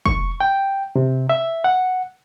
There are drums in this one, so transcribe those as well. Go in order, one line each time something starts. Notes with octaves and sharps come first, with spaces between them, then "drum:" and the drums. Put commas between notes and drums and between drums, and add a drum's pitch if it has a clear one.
C#6, drum: kick
G5
C3
E5
F#5